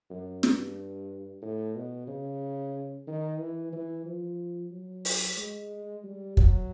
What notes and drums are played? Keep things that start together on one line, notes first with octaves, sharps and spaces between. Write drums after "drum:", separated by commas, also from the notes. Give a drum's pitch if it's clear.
F#2
G2, drum: snare
A2
B2
C#3
D#3
E3
E3
F3
F#3
drum: open hi-hat
G#3
G3
F#3, drum: kick